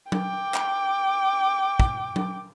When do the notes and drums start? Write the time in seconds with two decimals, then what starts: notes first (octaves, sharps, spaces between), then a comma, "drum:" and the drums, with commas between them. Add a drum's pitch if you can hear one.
0.12 G5 D6, drum: tom F#3
0.54 drum: clap
1.80 drum: kick
2.16 drum: tom F#3